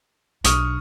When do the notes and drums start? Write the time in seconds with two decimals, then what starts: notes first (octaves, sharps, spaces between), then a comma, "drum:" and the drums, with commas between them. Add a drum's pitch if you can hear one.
0.44 B1 D4 C#6 D#6 F6, drum: hi-hat